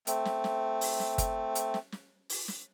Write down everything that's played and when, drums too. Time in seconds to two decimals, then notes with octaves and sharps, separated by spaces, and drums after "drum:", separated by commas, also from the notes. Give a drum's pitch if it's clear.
0.07 A3 C4, drum: hi-hat
0.25 drum: snare
0.44 drum: snare
0.81 drum: open hi-hat
1.00 drum: snare
1.18 drum: kick G1, hi-hat
1.55 drum: hi-hat
1.74 drum: snare
1.92 drum: snare
2.29 drum: open hi-hat
2.48 drum: snare